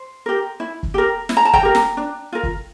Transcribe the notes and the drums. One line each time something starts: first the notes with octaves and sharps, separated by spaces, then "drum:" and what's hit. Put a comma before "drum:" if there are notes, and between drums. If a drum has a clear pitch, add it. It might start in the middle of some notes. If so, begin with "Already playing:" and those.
Already playing: C5
G4 A#4
E4
drum: kick
G4 A#4
E4, drum: snare
A#5
A5
G5 A#5, drum: kick
G4 A#4
drum: snare
D4
F4 A#4
drum: kick